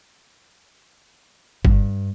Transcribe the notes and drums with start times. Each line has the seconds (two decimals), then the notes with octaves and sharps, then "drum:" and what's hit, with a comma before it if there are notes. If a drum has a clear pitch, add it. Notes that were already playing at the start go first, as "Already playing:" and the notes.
1.65 G2, drum: kick